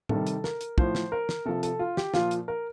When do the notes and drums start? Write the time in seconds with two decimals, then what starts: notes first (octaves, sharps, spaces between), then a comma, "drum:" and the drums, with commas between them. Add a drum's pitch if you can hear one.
0.09 C3 D#3 G3 A4, drum: tom A2
0.27 drum: hi-hat
0.44 A#4, drum: snare
0.61 drum: hi-hat
0.78 A2 F3 C5, drum: kick
0.95 drum: snare
1.12 A#4
1.29 drum: snare
1.45 C3 F3 A4
1.63 A4, drum: hi-hat
1.79 F4
1.97 G4, drum: snare
2.14 A#2 F3 F4, drum: snare
2.31 drum: hi-hat
2.48 A#4